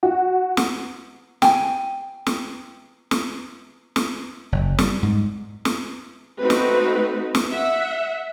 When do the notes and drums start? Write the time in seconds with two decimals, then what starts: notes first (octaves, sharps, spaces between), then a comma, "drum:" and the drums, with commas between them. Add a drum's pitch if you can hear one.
0.03 F#4
0.57 drum: snare
1.42 G5 G#5, drum: snare
2.27 drum: snare
3.11 drum: snare
3.96 drum: snare
4.52 F#1
4.79 G3, drum: snare
5.03 G#2
5.65 drum: snare
6.40 A3 C4 D#4 F#4 B4
6.50 drum: snare
7.35 drum: snare
7.49 E5 F#5